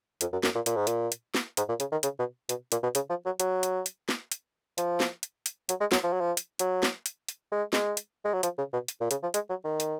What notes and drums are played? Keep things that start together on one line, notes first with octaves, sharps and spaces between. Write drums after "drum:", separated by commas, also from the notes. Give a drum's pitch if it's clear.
F2, drum: hi-hat
F#2
F#2, drum: snare
A#2
A#2, drum: hi-hat
G#2
A#2, drum: hi-hat
drum: hi-hat
drum: snare
G#2, drum: hi-hat
A#2
C#3, drum: hi-hat
D#3
C#3, drum: hi-hat
B2
B2, drum: hi-hat
A#2, drum: hi-hat
B2
C#3, drum: hi-hat
F3
F#3
F#3, drum: hi-hat
drum: hi-hat
drum: hi-hat
drum: snare
drum: hi-hat
F3, drum: hi-hat
drum: snare
drum: hi-hat
drum: hi-hat
F#3, drum: hi-hat
G#3
F#3, drum: snare
F3
F#3
F3
drum: hi-hat
F#3, drum: hi-hat
drum: snare
drum: hi-hat
drum: hi-hat
G#3
G#3, drum: snare
drum: hi-hat
G#3
F#3
F3, drum: hi-hat
C#3
B2
drum: hi-hat
A#2
C#3, drum: hi-hat
F3
G#3, drum: hi-hat
F#3
D#3
drum: hi-hat